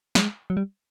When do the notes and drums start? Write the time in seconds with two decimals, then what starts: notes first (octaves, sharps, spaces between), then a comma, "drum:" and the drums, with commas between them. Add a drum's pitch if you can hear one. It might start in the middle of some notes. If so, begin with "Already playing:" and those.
0.15 G#3, drum: snare
0.50 F#3
0.57 G3